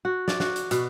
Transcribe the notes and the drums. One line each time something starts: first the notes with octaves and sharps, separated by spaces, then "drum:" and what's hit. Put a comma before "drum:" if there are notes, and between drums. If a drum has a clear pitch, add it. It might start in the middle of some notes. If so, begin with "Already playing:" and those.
F#4
D5, drum: snare
F#4, drum: snare
drum: hi-hat
B2, drum: hi-hat